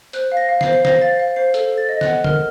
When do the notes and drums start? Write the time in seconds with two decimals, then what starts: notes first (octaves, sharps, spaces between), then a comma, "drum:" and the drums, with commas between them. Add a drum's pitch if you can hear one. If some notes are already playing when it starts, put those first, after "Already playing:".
0.13 C5 F#6, drum: hi-hat
0.32 F5
0.37 A#6
0.49 F5
0.61 C7, drum: snare
0.66 C5
0.73 C7
0.85 C5 A#6, drum: snare
1.01 F5 A6
1.20 F5
1.36 C5 C7
1.54 A4, drum: hi-hat
1.72 A4
1.78 A6
1.89 D#5
2.01 F#6, drum: snare
2.06 F#5
2.24 A#4 F6, drum: tom D3